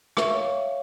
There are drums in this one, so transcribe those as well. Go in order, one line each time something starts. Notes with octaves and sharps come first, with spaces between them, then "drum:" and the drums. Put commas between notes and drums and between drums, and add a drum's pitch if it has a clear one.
E5 C#6, drum: rim click
C#5 F5